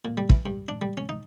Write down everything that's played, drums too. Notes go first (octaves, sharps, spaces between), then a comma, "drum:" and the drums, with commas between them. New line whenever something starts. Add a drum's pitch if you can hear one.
A#2
G3
E3, drum: kick
G2
D4
G3
C#4
D#4